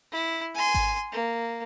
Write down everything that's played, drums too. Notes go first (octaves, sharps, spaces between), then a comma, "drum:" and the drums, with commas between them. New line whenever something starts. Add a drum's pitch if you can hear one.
E4
G#5 C6
drum: kick G#1, hi-hat
A#3